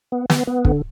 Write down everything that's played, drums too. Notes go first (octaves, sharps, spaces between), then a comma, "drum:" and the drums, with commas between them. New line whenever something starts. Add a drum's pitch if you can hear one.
B3
B3, drum: snare
B3
D3, drum: kick